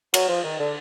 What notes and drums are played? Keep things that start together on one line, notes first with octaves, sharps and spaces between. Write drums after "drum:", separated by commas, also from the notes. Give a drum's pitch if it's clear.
F#3, drum: cymbal
F3
D#3
D3